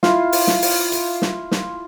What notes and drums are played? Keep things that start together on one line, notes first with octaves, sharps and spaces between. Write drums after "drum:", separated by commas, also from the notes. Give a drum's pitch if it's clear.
E4 F4, drum: snare
drum: open hi-hat
drum: snare
drum: open hi-hat
drum: hi-hat
drum: snare
drum: snare